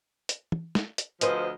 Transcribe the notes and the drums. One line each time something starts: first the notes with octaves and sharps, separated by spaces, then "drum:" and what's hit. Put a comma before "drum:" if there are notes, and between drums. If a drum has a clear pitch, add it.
drum: hi-hat
drum: tom
drum: snare
drum: hi-hat
D2 F3 G#4 B4 C5 D#5, drum: hi-hat